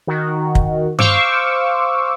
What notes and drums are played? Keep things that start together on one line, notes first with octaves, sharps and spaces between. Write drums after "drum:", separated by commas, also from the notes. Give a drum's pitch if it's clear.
D#3 F#4
drum: kick
C5 F5 C#6 D6 E6, drum: tom G2